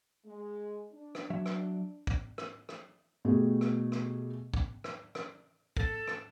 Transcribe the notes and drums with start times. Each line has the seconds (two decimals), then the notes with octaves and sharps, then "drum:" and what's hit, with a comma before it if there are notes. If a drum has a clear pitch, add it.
0.24 G#3
0.91 D4
1.15 drum: rim click
1.30 F#3 E5
1.46 drum: rim click
2.07 drum: kick
2.38 drum: rim click
2.69 drum: rim click
3.25 B2 A3 G4 G#4
3.61 drum: rim click
3.92 drum: rim click
4.54 drum: kick
4.84 drum: rim click
5.15 drum: rim click
5.77 A4, drum: kick
6.07 drum: rim click